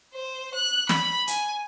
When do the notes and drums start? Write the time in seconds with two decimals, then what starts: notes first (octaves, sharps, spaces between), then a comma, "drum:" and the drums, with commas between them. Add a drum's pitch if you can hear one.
0.14 C5
0.55 F#6
0.89 B5, drum: snare
1.27 G#5, drum: hi-hat